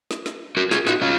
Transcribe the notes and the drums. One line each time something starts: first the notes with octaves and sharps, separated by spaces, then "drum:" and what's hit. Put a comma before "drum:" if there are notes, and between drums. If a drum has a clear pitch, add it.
drum: snare
drum: snare
F#4 A#4
F4 G#4, drum: snare
D#4 F#4, drum: snare
C#4 F4